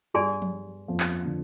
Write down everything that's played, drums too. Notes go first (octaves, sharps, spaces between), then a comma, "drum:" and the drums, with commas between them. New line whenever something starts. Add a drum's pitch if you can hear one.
G2 G3 G#4 D5 G#5 C6
drum: tom F3
F2 F3
drum: clap
D3